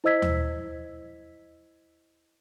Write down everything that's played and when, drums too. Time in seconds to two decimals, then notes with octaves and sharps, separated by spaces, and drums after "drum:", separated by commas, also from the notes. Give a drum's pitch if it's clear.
0.04 E4 C5 D#5 E6 G#6 B6
0.22 drum: tom D#2